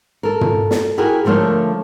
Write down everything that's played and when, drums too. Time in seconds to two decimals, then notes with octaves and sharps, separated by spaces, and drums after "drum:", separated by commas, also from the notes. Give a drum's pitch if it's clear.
0.23 A4 A#4
0.41 drum: tom
0.71 drum: snare
0.98 E4 F#4 G#4 A#4 G5 G#5
1.25 D3 F3 A3 A#4 C#5